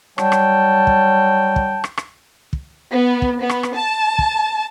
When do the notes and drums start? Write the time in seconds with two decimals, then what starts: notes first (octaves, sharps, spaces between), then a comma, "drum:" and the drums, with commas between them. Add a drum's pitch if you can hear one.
0.18 F#3 G3 G5 A5, drum: rim click
0.32 drum: rim click
0.87 drum: kick
1.56 drum: kick
1.84 drum: rim click
1.97 drum: rim click
2.53 drum: kick
2.91 B3
3.22 drum: kick
3.40 B3
3.49 drum: rim click
3.63 drum: rim click
3.74 A5
4.19 drum: kick